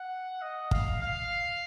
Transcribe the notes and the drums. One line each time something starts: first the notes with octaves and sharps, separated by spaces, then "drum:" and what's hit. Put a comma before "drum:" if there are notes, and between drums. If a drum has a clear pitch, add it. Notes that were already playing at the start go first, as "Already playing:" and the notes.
Already playing: F#5
D#5
F5, drum: kick
F5